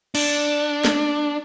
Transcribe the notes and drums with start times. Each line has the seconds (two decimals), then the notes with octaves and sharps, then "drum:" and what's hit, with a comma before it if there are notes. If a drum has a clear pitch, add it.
0.15 D4, drum: cymbal
0.85 drum: snare